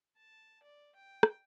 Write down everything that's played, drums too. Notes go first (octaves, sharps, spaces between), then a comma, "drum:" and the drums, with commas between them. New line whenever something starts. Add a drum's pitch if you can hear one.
A5
D5
G5
drum: rim click